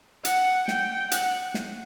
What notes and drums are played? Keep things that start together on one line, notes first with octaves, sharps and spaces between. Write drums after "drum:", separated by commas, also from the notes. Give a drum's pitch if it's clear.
F#5, drum: hi-hat
G5, drum: snare
F#5, drum: hi-hat
drum: snare